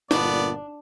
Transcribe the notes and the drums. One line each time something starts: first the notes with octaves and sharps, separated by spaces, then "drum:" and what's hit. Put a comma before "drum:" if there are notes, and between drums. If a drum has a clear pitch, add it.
G1 A#2 B3 D4 D5, drum: snare